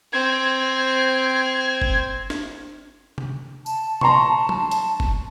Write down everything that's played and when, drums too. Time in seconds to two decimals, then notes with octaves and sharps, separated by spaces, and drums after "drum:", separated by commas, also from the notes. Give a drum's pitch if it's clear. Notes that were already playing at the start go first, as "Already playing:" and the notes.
0.13 C4 G#6
1.82 drum: kick F#1
2.30 drum: snare
3.18 drum: tom C3
3.66 A5, drum: tambourine
4.01 A#5 C6 C#6, drum: tom C3
4.49 drum: tom
4.71 drum: hi-hat
5.00 drum: kick F#1